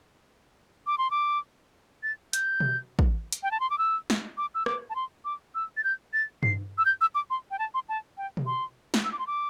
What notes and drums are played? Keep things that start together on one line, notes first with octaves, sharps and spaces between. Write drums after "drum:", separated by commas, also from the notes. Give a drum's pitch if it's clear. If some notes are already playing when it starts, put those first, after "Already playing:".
D6
C6
D6
A6
G6, drum: hi-hat
drum: tom B2
drum: kick
drum: hi-hat
G5
A5
C6
D6
E6
drum: snare
D6
E6
D6, drum: rim click
A5
C6
D6
E6
A6
G6
A6
C7, drum: tom G2
E6
G6
E6
D6
C6
G5
A5
C6
A5
G5
drum: tom B2
C6
drum: snare
E6
D6
C6
D6